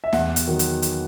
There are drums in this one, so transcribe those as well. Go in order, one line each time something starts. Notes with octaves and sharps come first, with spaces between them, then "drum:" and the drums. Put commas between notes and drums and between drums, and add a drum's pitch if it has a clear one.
E5
E2 F#5, drum: snare
drum: hi-hat
D#3 F#3
drum: hi-hat
drum: hi-hat